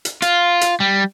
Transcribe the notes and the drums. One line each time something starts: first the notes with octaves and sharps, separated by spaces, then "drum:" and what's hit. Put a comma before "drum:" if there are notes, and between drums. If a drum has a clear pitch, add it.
drum: hi-hat
F4, drum: hi-hat
drum: hi-hat
G3